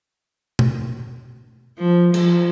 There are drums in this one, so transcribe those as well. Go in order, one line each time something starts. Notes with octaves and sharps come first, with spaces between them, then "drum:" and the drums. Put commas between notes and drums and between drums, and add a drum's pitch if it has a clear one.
drum: tom
F3
F3, drum: cymbal